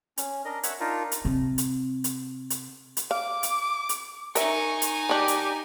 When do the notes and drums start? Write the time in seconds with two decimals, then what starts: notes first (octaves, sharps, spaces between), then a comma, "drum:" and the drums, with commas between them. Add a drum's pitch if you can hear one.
0.18 C#4, drum: hi-hat
0.45 D4 A#4 D#5
0.63 C#5 E5 F#5, drum: hi-hat
0.80 D4 D#4 F4 A#4
1.12 drum: hi-hat
1.25 C3 C4
1.58 drum: hi-hat
2.04 drum: hi-hat
2.50 drum: hi-hat
2.97 drum: hi-hat
3.11 F5 D6
3.43 drum: hi-hat
3.89 drum: hi-hat
4.35 D#4 A#4 E5 G#5 C#6, drum: hi-hat
4.82 drum: hi-hat
5.09 D#3 D4 G4
5.28 drum: hi-hat